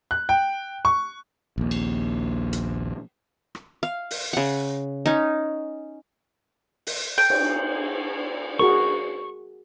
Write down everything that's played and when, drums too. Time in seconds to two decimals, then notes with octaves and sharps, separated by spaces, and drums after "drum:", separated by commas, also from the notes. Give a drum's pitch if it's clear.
0.11 F#6
0.29 G5
0.85 C#6
1.58 A#1 D#2
1.71 drum: cymbal
2.53 drum: hi-hat
3.55 drum: rim click
3.83 F5
4.11 drum: open hi-hat
4.33 C#3 F#5
5.06 C#4 D#4
6.87 drum: open hi-hat
7.18 G5
7.30 drum: cymbal
8.59 F#4 G#4 A#4 C#6